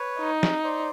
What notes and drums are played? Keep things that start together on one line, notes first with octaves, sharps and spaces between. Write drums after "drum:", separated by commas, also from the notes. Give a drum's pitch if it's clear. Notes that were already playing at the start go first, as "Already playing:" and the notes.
Already playing: B4 C#5
D#4
drum: snare
C5 D5